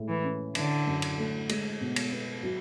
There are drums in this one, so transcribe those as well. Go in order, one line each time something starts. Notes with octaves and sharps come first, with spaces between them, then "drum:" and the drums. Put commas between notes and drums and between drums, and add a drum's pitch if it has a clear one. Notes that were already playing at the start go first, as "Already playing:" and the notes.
Already playing: A2 G#3
E3
C#4
D3 E3, drum: cymbal
F#2
drum: cymbal
A3
G#3, drum: cymbal
B2
drum: cymbal
B3
F#3